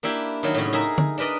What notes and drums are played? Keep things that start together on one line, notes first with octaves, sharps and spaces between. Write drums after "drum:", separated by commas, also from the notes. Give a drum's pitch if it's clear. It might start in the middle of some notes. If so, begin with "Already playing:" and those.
A#3 D4 E4 G4
D#3 F#3
A2 C#3
D#4 G#4 A#4 E5
drum: tom D3
D4 A#4 B4 D5 D#5